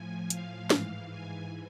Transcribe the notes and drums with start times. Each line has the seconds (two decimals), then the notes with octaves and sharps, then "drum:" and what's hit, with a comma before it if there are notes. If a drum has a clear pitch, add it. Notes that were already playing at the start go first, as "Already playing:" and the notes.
Already playing: A2 F3 G#5
0.30 F5, drum: hi-hat
0.70 G#2 E3, drum: snare
1.10 G#5